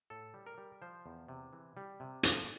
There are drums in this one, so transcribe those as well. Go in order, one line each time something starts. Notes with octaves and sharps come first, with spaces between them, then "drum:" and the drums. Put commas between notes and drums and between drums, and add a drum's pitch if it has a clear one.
A2 A4
G3
A#4
G3
F3 C5
E2
C3
E3
G3
C3
F3, drum: hi-hat